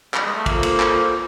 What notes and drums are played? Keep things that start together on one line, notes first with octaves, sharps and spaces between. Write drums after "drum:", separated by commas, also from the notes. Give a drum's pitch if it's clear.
G3, drum: clap
G#3
A3
A#3 F4 A4 C5, drum: kick, cymbal
drum: cymbal
drum: clap